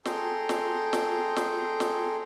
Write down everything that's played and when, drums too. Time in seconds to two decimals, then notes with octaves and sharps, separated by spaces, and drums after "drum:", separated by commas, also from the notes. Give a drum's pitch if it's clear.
0.05 G#4 A4 G5 A#5 C6, drum: snare
0.49 drum: snare
0.93 drum: snare
1.36 drum: snare
1.80 drum: snare